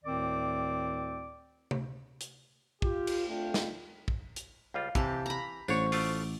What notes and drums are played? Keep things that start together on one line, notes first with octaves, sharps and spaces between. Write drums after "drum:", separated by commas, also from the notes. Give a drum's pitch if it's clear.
D2 A2 D#3 C4 D5 D6
drum: tom C3
drum: hi-hat
F4 G4, drum: kick
drum: cymbal
A3 C4 D4 F4 F5 G5
drum: snare
drum: kick
drum: hi-hat
C#2 G3 F4 F5
C3 E3 G4 A5, drum: kick
A#5 B5
A1 D4 C5 C#5 C#6, drum: tambourine
A3 F4 D6, drum: open hi-hat